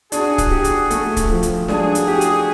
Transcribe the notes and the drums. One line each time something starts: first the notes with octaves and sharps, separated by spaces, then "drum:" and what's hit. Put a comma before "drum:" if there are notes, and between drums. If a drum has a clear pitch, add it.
D4 F#4 G#4, drum: hi-hat
drum: kick C#1, hi-hat
G4
drum: hi-hat
A3, drum: hi-hat
drum: kick C#1, hi-hat
F3
drum: hi-hat
D4 F#4 G#4, drum: snare
drum: hi-hat
G4
drum: hi-hat